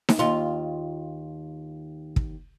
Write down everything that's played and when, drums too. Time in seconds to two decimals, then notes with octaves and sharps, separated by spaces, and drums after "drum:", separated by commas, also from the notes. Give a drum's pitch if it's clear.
0.09 drum: snare D#4
0.19 D#2 F4
2.16 drum: kick